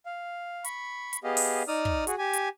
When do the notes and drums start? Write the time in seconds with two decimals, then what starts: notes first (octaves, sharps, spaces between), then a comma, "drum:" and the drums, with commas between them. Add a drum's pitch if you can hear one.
0.06 F5
0.64 B5 C#6, drum: hi-hat
1.13 drum: hi-hat
1.24 B3 G4 G#4 D#5 F5
1.37 drum: open hi-hat
1.68 D#4 D5 D#6 F6
1.85 drum: kick
2.07 F#4 G#4, drum: hi-hat
2.18 G4 G#5
2.33 drum: hi-hat